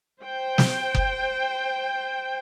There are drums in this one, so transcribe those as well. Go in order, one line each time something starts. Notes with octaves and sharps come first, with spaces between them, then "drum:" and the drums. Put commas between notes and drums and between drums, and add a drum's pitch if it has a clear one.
C5 G5
drum: snare
drum: kick F#1